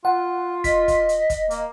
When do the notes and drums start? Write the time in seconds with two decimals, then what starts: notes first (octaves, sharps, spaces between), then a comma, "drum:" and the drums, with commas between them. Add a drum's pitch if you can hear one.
0.05 F4 F#5
0.64 D#5 B6, drum: kick, hi-hat
0.88 drum: kick, hi-hat
1.09 drum: hi-hat
1.30 drum: kick, hi-hat
1.51 A#3, drum: hi-hat